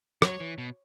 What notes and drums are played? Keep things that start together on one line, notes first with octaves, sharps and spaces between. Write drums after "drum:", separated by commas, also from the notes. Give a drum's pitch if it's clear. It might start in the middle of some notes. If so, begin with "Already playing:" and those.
F#3 C#5, drum: rim click
E3
B2